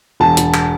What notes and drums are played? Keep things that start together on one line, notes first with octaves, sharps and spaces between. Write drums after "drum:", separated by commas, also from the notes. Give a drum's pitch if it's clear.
E1 A5
E1, drum: hi-hat
drum: clap